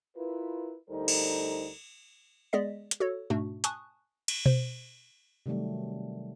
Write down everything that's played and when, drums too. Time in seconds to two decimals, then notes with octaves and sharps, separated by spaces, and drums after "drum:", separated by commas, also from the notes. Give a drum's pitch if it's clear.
0.16 E4 F4 A#4 B4
0.90 D2 G3 D#4 A4 A#4 C5
1.08 drum: cymbal
2.53 G#3 B3 G#4 D5 D#5 B6
2.91 drum: hi-hat
3.00 F#4 A4 C#5
3.30 G#2 B2 A3 D4 F#4
3.64 G#5 A5 C#6 D#6 F#6, drum: hi-hat
4.28 drum: cymbal
4.46 C5, drum: tom B2
5.46 C3 D#3 F#3 G3 A3